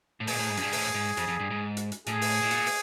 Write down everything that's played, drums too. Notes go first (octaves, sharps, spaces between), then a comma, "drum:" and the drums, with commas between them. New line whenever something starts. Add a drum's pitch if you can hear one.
A2
A#2 G#4, drum: open hi-hat
A2
G#2
F#2, drum: hi-hat
G2
A2, drum: open hi-hat
G#2
F2, drum: hi-hat
F2
G2
G#2
drum: hi-hat
drum: hi-hat
A2 G#4, drum: hi-hat
drum: open hi-hat
A2
A#2, drum: hi-hat
drum: open hi-hat